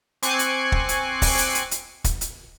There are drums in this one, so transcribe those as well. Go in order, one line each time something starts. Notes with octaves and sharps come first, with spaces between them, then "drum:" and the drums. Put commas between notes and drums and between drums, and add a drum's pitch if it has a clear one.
C4 G#5 C#6 D6 F#6 C7, drum: hi-hat
drum: hi-hat
drum: kick
drum: hi-hat
drum: kick, open hi-hat
drum: hi-hat
drum: hi-hat
drum: hi-hat
drum: kick, hi-hat
drum: hi-hat